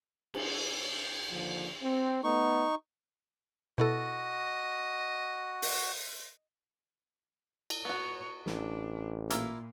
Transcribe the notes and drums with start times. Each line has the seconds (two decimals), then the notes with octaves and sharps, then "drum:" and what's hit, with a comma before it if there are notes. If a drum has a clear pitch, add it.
0.34 drum: cymbal
1.31 D#2 D3 F3
1.81 C4
2.24 A3 B3 D#4 C#6
3.78 B2 E4 F#4 A4 D#5
5.62 drum: open hi-hat
7.70 drum: cymbal
7.85 B3 F#4 C#5
8.46 A1 D4, drum: snare
9.30 A#2 A#3 E4 F4, drum: hi-hat